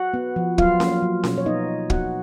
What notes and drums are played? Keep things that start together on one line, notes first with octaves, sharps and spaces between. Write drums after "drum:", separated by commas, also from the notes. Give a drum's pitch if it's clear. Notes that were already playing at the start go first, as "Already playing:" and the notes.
Already playing: F#4 F#5
B3
F3
F#3 F4 F5, drum: kick
A#3, drum: snare C#4
F#3
B2, drum: snare C#4
C#5
B3 D#4 D#5
B3
B3 F#4 F#5, drum: kick